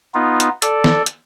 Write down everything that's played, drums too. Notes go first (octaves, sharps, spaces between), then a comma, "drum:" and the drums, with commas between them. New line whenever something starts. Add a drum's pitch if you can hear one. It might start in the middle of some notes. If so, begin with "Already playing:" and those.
B3 D#4 F4
drum: hi-hat
A4 D5, drum: hi-hat
drum: snare
drum: hi-hat